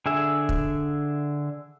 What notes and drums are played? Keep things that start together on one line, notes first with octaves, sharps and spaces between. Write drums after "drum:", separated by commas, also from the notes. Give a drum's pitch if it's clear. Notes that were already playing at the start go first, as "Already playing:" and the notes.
D3 G#4 E5
drum: kick